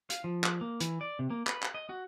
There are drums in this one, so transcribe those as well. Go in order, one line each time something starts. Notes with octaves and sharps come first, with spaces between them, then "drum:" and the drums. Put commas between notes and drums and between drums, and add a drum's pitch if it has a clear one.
F5, drum: hi-hat
F3
drum: clap
A#3
E3, drum: hi-hat
D5
C3
A#3
B4, drum: clap
drum: clap
D#5
F#4